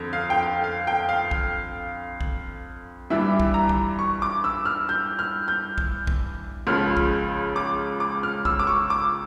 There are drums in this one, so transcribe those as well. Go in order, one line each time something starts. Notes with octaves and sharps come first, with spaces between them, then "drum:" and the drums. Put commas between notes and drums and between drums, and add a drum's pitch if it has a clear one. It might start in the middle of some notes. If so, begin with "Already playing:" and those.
Already playing: F2 D3
F5
G5
F5
F5
G5
F5
drum: kick A#1
drum: kick A#1
G2 E3 G3 E5
drum: kick A#1
A#5
drum: kick A#1
C#6
D6
E6
F6
G6
F6
G6
drum: kick A#1
drum: kick A#1
C#2 C#3 F3 F6
drum: kick A#1
D6
D6
F6
E6, drum: kick A#1
D6
C#6
D6